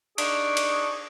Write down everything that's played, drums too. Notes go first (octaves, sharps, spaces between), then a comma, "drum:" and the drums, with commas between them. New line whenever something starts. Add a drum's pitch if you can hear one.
D4 D#4 G#4 C#6 D6, drum: cymbal
drum: cymbal